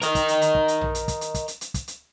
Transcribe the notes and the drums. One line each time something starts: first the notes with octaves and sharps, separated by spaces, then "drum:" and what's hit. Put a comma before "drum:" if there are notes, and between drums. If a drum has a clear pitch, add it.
A#4 D#5, drum: hi-hat
drum: kick, hi-hat
drum: hi-hat
drum: hi-hat
drum: kick
drum: hi-hat
drum: tom A#1
drum: hi-hat
drum: kick, hi-hat
drum: hi-hat
drum: kick, hi-hat
drum: hi-hat
drum: hi-hat
drum: kick, hi-hat
drum: hi-hat